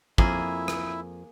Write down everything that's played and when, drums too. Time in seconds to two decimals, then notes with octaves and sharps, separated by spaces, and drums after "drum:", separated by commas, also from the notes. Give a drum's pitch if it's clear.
0.18 F2 A#3 E4 G#4, drum: kick
0.68 drum: rim click